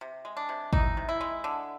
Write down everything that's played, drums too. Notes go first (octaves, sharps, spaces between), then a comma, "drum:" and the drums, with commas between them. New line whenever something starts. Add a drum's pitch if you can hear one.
C3
G#3
D4
C3
E3 D#4, drum: kick
C3
E4
G#3
D3